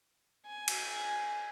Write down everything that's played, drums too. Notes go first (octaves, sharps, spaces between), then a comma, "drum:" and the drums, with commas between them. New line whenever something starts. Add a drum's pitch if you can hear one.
G#5
drum: cymbal